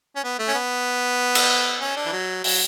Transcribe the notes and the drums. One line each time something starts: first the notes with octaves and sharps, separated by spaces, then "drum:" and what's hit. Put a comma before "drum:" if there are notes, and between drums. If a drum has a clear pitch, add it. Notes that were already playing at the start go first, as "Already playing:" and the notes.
C#4
B3
A3
C#4
B3
drum: cymbal
C#4
D4
E3
F#3
F#3, drum: open hi-hat